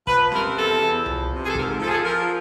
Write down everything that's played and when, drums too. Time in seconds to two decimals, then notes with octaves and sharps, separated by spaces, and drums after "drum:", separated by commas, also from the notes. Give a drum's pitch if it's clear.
0.07 F3 B4, drum: kick
0.32 C3 A#4, drum: snare C#4
0.57 E2 A4
0.82 E2
1.06 F3, drum: tom C2
1.31 C3
1.41 G#4
1.48 A4
1.55 G#2 A#4, drum: kick
1.80 F3 A4
1.87 G#4
1.94 A4
2.05 F3 A#4